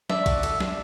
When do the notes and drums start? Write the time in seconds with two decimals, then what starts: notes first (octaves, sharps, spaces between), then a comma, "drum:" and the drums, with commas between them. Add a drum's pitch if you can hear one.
0.10 D4 D5 E5, drum: snare
0.26 F#4, drum: kick A#1, cymbal
0.43 A4, drum: cymbal
0.60 D4, drum: snare